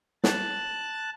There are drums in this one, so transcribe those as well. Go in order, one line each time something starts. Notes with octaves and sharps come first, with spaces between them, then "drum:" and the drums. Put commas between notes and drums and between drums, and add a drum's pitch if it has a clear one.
A5 F#6, drum: snare